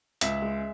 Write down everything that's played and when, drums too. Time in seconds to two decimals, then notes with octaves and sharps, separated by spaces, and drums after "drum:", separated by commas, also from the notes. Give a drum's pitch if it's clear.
0.21 C#2 E5, drum: hi-hat
0.42 G#3